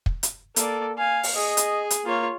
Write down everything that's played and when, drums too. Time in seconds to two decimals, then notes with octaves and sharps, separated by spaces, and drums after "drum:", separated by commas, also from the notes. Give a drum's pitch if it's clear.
0.06 drum: kick
0.23 drum: hi-hat
0.56 A#3 A4 D5, drum: hi-hat
0.98 F5 G#5
1.23 drum: open hi-hat
1.36 G#4 D#5
1.57 drum: hi-hat
1.91 drum: hi-hat
2.06 A#3 F4 C#5